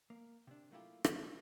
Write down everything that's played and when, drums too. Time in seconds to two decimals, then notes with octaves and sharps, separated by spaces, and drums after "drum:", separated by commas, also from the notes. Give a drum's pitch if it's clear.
0.10 A#3
0.47 C3 D4
0.71 F#3 A3 A#3 E4 F4 G4
1.04 A#3, drum: rim click